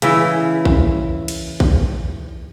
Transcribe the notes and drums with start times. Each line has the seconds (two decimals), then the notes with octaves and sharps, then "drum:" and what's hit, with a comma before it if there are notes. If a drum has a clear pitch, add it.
0.02 C#3 E3 E4, drum: hi-hat
0.65 drum: kick A#1
1.28 drum: cymbal
1.60 drum: kick A#1